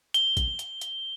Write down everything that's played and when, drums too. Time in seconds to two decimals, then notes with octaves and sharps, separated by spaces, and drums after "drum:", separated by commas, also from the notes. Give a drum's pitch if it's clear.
0.14 G7, drum: hi-hat
0.37 drum: kick A1, hi-hat
0.59 drum: hi-hat
0.81 drum: hi-hat